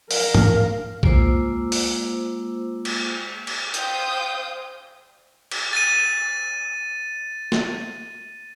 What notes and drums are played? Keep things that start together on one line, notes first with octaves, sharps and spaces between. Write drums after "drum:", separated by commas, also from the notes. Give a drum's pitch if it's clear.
A#4 F5, drum: open hi-hat
drum: tom G#2
G#3 A#3 F4 C5 D6 E6, drum: kick B1
drum: open hi-hat
drum: cymbal
drum: cymbal
C5 F5 G5 D#6 G6, drum: hi-hat
drum: cymbal
A6 D#7
drum: snare